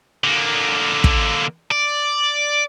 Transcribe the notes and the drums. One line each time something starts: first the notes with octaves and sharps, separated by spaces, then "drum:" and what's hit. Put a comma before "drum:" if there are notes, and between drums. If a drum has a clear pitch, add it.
D3 A#3
drum: kick
D5